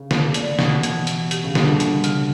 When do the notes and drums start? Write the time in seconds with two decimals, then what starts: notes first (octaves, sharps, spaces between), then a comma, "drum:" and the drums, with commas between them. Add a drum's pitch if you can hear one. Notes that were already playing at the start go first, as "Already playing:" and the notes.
Already playing: C#3
0.11 A3, drum: snare
0.34 D5, drum: hi-hat
0.59 B2 E3, drum: snare
0.83 E3, drum: hi-hat
1.07 E3, drum: hi-hat
1.31 G4, drum: hi-hat
1.44 C#3
1.55 B2 D3 G3, drum: snare
1.80 G3, drum: hi-hat
2.04 C#3, drum: hi-hat